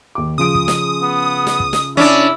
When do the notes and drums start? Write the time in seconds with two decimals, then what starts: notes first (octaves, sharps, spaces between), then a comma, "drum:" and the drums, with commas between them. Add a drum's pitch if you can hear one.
0.15 D#2 D6
0.38 C#3 F3 D#6 D7
0.55 drum: kick
0.68 drum: snare
1.02 B3
1.47 drum: snare
1.60 drum: kick
1.73 drum: snare
1.97 C#4 D4 E4